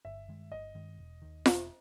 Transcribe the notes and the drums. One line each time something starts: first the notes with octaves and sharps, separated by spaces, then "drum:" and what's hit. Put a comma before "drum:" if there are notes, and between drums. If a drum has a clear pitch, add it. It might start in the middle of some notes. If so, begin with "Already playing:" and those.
G1 E5
G2 D#3 G#3
G1 D#5
G2 D#3 G#3
E1
D#2 D#3
E1, drum: snare F4